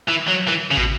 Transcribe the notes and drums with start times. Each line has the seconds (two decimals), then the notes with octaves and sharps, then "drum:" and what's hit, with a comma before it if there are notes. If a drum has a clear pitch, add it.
0.09 E3
0.28 F#3
0.48 E3, drum: rim click
0.71 C#3
0.77 B2, drum: kick